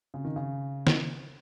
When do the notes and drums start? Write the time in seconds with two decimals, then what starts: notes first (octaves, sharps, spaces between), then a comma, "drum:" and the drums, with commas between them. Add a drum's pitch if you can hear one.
0.14 C#3
0.25 D#3
0.36 C#3
0.87 drum: snare